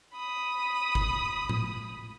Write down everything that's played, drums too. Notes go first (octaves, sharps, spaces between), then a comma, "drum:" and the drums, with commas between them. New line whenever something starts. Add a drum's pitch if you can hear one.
B5 D#6
drum: kick G#1
drum: tom A2